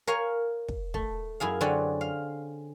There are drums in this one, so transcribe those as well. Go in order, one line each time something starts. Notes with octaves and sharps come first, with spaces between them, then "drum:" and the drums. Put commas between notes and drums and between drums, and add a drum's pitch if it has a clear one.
A#4 C#5 F5 G#5
drum: kick
A3, drum: kick
F#2 E4 G#4 F5
D3 F#3 C4 C#4 D5
F5